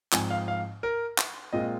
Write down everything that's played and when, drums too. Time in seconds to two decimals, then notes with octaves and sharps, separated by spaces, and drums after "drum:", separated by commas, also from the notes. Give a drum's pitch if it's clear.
0.12 G#2 F3 C4 G#5, drum: clap
0.30 F5
0.48 F5
0.83 A#4
1.18 drum: clap
1.53 A#2 G#3 C4 F4 D#5